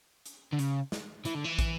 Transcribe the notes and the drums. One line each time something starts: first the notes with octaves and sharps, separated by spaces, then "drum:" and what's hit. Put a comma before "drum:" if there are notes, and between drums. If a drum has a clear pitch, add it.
drum: hi-hat
D3
C#3, drum: hi-hat
drum: snare
E3, drum: hi-hat
D3
E3
drum: kick, hi-hat